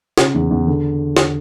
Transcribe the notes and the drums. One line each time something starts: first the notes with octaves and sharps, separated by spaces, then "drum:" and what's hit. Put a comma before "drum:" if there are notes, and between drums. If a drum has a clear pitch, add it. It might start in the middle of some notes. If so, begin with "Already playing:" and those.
C#3, drum: snare
E2
E2
D3
drum: snare